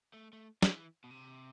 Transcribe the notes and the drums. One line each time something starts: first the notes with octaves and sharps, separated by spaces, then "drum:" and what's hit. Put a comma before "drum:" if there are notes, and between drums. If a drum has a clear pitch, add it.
A3
A3
D3, drum: snare
E3
B2
C3